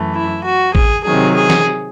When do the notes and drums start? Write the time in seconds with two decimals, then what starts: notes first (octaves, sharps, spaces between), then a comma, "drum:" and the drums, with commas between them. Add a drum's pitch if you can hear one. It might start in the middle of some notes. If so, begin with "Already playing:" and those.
Already playing: F#2 E3 A3
0.15 E4
0.45 F#4
0.75 G#4, drum: kick A1
1.05 C3 D#3 F#3 G#4
1.35 G#4
1.50 drum: snare